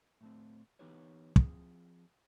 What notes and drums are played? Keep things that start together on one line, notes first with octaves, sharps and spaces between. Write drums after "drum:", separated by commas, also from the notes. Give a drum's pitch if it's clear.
A2 A3 C4
E3 B3 D#4 G4 B4 C#5
F3 C4 G#4, drum: kick